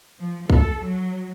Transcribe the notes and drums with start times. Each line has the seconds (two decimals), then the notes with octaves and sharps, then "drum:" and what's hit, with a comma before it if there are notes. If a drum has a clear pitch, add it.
0.19 F3
0.50 A4, drum: kick B1
0.83 F#3